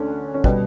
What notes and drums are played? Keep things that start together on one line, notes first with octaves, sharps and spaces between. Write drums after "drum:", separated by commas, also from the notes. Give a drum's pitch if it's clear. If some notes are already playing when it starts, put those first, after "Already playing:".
Already playing: D2 D3 C#4 D4
C#4
B2 G3 B3, drum: kick